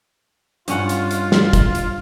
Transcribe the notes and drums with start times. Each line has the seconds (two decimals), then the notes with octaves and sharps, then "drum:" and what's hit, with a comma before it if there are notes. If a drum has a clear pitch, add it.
0.68 G2 C#4 F4 F#5, drum: hi-hat
0.89 drum: hi-hat
1.11 drum: hi-hat
1.32 drum: snare
1.53 drum: kick, hi-hat
1.75 drum: hi-hat